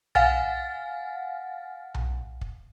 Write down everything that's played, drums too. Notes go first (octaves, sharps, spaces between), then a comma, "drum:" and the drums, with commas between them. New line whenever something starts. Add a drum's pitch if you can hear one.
F5 F#5 G#5 F6 A6, drum: tom B1
drum: tom B1
drum: kick